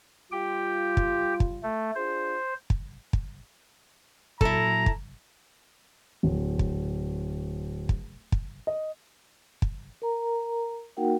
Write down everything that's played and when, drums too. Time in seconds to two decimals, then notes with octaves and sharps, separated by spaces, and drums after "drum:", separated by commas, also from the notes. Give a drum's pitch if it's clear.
0.32 G3 F4 G4 G5
0.97 drum: kick
1.40 drum: kick
1.63 A3
1.95 D4 F4 G#4 C5
2.70 drum: kick
3.13 drum: kick
4.41 A#2 F#3 E4 A4 A#5, drum: kick
4.86 drum: kick
6.23 D1
6.59 drum: kick
7.89 drum: kick
8.32 drum: kick
8.67 D#5
9.62 drum: kick
10.02 A#4 A#5
10.97 A#3 D#4 F#4 A#4 F#5 G5